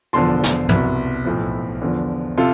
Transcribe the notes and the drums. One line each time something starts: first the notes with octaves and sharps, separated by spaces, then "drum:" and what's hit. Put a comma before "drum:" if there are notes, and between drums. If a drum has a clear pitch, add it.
E1 E2 D3 F3 A5 C6
drum: snare
C2 B2, drum: tom
B1 A2 F3
E2 D3 F3
C3 F4 A4